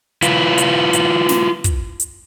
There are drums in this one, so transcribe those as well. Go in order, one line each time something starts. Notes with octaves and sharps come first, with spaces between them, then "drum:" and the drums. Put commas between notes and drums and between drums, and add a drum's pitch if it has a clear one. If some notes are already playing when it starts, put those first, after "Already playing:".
E4 F4 B4 F5, drum: hi-hat
drum: hi-hat
drum: hi-hat
drum: snare
drum: kick, hi-hat
drum: hi-hat